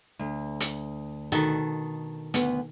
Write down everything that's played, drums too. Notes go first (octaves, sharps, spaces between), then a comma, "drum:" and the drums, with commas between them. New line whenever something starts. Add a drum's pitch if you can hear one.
D2
drum: hi-hat
B2 D#3 A4
D2 B3, drum: hi-hat